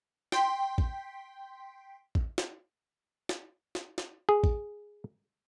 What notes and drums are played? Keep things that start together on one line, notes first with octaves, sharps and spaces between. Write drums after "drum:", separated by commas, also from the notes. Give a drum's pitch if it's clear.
G5 C6 B6, drum: snare
drum: kick A1
drum: kick A1
drum: snare
drum: snare
drum: snare
drum: snare
G#4
drum: kick A1